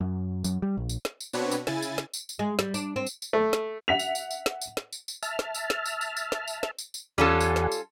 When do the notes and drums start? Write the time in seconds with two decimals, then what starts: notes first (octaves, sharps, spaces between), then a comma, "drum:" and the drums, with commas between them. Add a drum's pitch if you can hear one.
0.01 F#2
0.44 F#2, drum: tambourine
0.62 G3
0.77 A#1
0.89 drum: tambourine
1.05 drum: snare
1.20 drum: tambourine
1.33 B2 C4 D4 F#4 B4 C#5, drum: tambourine
1.51 drum: tambourine
1.67 C#3 E4 G#5 A6, drum: snare
1.82 drum: tambourine
1.98 drum: snare
2.13 drum: tambourine
2.29 drum: tambourine
2.39 G#3
2.59 G3, drum: snare
2.74 D4, drum: tambourine
2.96 C4
3.06 drum: tambourine
3.22 drum: tambourine
3.33 A3
3.53 drum: snare
3.88 E5 F#5 B6 F7
3.99 drum: tambourine
4.15 drum: tambourine
4.31 drum: tambourine
4.46 drum: snare
4.62 drum: tambourine
4.77 drum: snare
4.93 drum: tambourine
5.08 drum: tambourine
5.23 E5 A5 F6, drum: tambourine
5.39 drum: snare
5.55 drum: tambourine
5.70 drum: snare
5.86 drum: tambourine
6.01 drum: tambourine
6.17 drum: tambourine
6.32 drum: snare
6.48 drum: tambourine
6.63 drum: snare
6.79 drum: tambourine
6.94 drum: tambourine
7.18 E2 G3 C#4 F4 A4 F#5 G#5
7.41 drum: tambourine
7.56 drum: snare
7.72 drum: tambourine